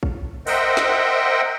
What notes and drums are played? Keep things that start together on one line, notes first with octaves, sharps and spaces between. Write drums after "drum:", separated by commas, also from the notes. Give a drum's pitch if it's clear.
drum: kick A#1
A#4 C5 D#5 E5 F#5 G5, drum: open hi-hat
drum: snare